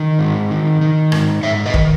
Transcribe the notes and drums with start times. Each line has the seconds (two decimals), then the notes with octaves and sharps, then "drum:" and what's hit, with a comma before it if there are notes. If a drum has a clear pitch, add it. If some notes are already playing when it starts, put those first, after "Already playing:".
Already playing: D#3
0.19 G#2
0.50 D#3
0.81 D#3
1.12 G#2, drum: rim click
1.42 G#2 C#5 E5
1.66 B4 D#5
1.74 D#3, drum: kick